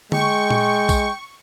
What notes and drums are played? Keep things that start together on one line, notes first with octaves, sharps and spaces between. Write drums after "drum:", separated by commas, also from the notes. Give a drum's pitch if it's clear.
G#3 G5 C#6, drum: tom D3
drum: tom A#2
drum: kick, tambourine